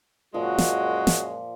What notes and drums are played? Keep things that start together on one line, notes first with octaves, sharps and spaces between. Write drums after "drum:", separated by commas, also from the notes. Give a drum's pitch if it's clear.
F#2 A#2 F3 G#3 F#4
drum: snare
drum: snare